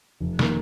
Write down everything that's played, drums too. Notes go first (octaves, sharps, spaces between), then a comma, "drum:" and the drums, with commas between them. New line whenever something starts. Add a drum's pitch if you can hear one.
F1
D#3 A#3, drum: snare